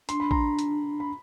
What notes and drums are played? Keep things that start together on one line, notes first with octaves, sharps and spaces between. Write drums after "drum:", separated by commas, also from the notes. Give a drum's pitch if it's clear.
D4 C6, drum: hi-hat
B5
A#5 C6, drum: kick
drum: hi-hat
B5